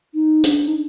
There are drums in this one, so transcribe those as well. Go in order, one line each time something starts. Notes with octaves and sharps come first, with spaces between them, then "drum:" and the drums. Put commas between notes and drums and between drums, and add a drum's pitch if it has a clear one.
D#4
D4, drum: hi-hat
D#4